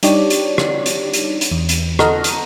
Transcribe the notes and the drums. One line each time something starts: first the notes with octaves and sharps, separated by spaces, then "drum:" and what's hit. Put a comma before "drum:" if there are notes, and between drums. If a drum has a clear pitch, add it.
G3 D4 D#4 G4 C#5 D5, drum: hi-hat
drum: hi-hat
drum: rim click
drum: hi-hat
drum: hi-hat
drum: hi-hat
E2
drum: hi-hat
A4 D#5 F#5 A#5 F6, drum: rim click
drum: hi-hat